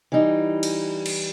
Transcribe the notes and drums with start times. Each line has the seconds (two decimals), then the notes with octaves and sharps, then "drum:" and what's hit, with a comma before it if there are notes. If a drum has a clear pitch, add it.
0.12 E3 G3 D#4
0.63 drum: cymbal
1.06 drum: cymbal